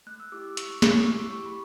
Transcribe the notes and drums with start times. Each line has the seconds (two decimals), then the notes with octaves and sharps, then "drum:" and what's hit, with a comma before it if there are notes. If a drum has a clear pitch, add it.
0.07 A3 F#6
0.20 E6
0.32 E4 G4 D6
0.44 E6
0.57 A3 C#6, drum: hi-hat
0.70 C#6
0.82 E4 G4 D6, drum: snare
0.95 E6
1.08 A3 D6
1.20 C#6
1.32 E4 G4 C#6
1.46 B5